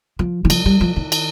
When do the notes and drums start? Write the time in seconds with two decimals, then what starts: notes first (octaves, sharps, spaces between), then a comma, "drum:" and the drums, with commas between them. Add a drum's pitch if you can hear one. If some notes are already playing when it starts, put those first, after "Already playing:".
0.19 F3
0.45 D#3
0.50 F3, drum: cymbal
0.66 G3
0.81 F3
0.96 D#3
1.12 drum: cymbal